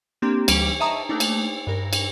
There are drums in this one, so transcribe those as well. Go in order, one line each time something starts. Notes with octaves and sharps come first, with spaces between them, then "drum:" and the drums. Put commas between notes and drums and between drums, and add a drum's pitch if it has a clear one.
A#3 C4 D4 G4
D2 E3 G3 D7, drum: cymbal
D#5 E5 A5 A#5 C#6 D#6
A3 A#3 D4 D#4
drum: cymbal
G2 A#4
drum: cymbal